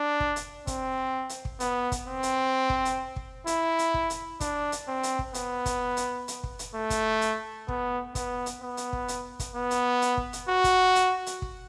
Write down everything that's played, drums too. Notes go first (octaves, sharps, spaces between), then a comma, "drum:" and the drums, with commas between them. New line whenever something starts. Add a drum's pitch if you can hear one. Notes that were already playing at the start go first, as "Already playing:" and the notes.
Already playing: D4
drum: kick
drum: hi-hat
C4, drum: kick, hi-hat
drum: hi-hat
drum: kick
B3, drum: hi-hat
drum: kick, hi-hat
C4
drum: hi-hat
drum: kick
drum: hi-hat
drum: kick
E4, drum: hi-hat
drum: hi-hat
drum: kick
drum: hi-hat
D4, drum: kick, hi-hat
drum: hi-hat
C4
drum: hi-hat
drum: kick
B3, drum: hi-hat
drum: kick, hi-hat
drum: hi-hat
drum: hi-hat
drum: kick
drum: hi-hat
A3
drum: kick, hi-hat
drum: hi-hat
B3, drum: kick
B3, drum: kick, hi-hat
drum: hi-hat
B3
drum: hi-hat
drum: kick
drum: hi-hat
drum: kick, hi-hat
B3
drum: hi-hat
drum: hi-hat
drum: kick
drum: hi-hat
F#4
drum: kick, hi-hat
drum: hi-hat
drum: hi-hat
drum: kick